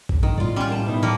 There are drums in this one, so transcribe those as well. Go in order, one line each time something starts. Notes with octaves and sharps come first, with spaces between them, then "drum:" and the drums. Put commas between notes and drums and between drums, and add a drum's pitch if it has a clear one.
drum: kick
G2 D#3
A2 F4 D5
G3 C#4 F4
A#4 G5 A5
B2 D#4 E4
F3 G3 A#3